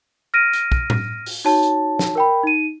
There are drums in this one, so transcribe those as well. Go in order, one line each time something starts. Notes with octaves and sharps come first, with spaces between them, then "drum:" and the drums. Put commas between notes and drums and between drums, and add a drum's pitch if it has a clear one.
F6 A#6 D7 D#7
drum: hi-hat
drum: kick
drum: tom A2
drum: open hi-hat
D#4 F#4 C#5 A5
drum: hi-hat
drum: snare
A#4 G5 B5
D#4 D#7